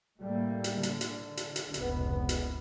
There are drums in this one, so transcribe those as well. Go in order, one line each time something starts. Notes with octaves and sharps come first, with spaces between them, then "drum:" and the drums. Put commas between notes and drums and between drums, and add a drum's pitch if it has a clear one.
A2 G3 A3 A#3
drum: hi-hat
D3, drum: hi-hat
drum: hi-hat
drum: hi-hat
drum: hi-hat
F1 C#2 G#2 B3, drum: hi-hat
drum: hi-hat